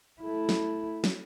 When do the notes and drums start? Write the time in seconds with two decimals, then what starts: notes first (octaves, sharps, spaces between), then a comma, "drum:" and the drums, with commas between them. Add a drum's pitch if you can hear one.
0.21 A3 E4
0.49 drum: snare
1.04 drum: snare